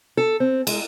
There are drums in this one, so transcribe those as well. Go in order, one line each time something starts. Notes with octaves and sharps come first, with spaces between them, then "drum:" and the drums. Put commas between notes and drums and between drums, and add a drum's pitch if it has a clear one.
A4
C4
G#3, drum: cymbal